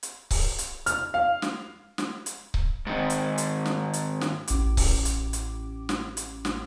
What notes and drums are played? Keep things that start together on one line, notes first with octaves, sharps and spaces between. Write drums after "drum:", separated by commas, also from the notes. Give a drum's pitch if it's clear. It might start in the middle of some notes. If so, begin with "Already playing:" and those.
drum: hi-hat
drum: kick C#1, open hi-hat
drum: hi-hat
F6, drum: hi-hat
F5
drum: snare
drum: snare
drum: hi-hat
drum: kick C#1
G#2 D#3
drum: hi-hat
drum: hi-hat
drum: snare
drum: hi-hat
drum: snare
A1 D6, drum: hi-hat
drum: kick C#1, open hi-hat
drum: hi-hat
drum: hi-hat
drum: snare
drum: hi-hat
drum: snare